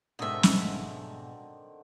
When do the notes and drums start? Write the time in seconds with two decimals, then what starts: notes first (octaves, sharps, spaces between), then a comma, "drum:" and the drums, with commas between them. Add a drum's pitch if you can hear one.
0.19 G#2 B2 D3 D#3 C4 D#5 E5
0.43 drum: snare